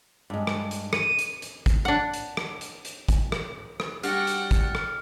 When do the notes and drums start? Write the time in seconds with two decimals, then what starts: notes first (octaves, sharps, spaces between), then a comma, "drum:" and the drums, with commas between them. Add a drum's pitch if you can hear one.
0.30 G2 G#3
0.47 drum: rim click
0.71 drum: hi-hat
0.93 D#7, drum: rim click
1.19 drum: hi-hat
1.42 drum: hi-hat
1.66 drum: kick, hi-hat
1.85 D4 F#5
2.14 drum: hi-hat
2.37 drum: rim click
2.61 drum: hi-hat
2.85 drum: hi-hat
3.09 drum: kick, hi-hat
3.32 drum: rim click
3.80 drum: rim click
4.03 G3 D4 F#4 F#5 G5 F6 A6 C#7, drum: hi-hat
4.27 drum: hi-hat
4.51 drum: kick, hi-hat
4.75 drum: rim click